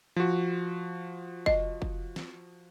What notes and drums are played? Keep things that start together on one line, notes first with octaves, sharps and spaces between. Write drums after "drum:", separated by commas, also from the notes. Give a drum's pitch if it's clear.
F3 F#4
D#5, drum: kick
drum: kick
drum: snare